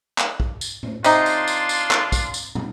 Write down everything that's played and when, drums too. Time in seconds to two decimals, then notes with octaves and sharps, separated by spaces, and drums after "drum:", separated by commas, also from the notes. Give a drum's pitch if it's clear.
0.18 drum: clap
0.40 drum: kick
0.61 drum: tambourine
0.83 drum: tom A2
1.04 C3 D4 D#4 F4 C6, drum: tambourine
1.26 drum: tambourine
1.48 drum: tambourine
1.69 drum: tambourine
1.91 drum: clap
2.12 drum: kick, tambourine
2.34 drum: tambourine
2.55 drum: tom